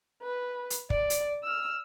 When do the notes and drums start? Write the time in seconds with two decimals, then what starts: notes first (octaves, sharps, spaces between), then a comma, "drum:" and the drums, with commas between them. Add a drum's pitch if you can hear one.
0.23 B4
0.70 drum: hi-hat
0.90 D5, drum: kick
1.10 drum: hi-hat
1.44 E6 F6